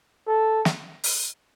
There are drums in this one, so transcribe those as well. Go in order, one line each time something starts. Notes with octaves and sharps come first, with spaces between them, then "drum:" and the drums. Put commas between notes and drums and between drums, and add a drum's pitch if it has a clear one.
A4
drum: snare
drum: open hi-hat